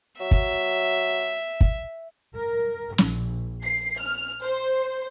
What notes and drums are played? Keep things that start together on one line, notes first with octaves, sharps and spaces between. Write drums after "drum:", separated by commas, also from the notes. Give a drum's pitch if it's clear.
F#3 E5
drum: kick
drum: kick
A#4
A#1, drum: snare
C7
F6
C5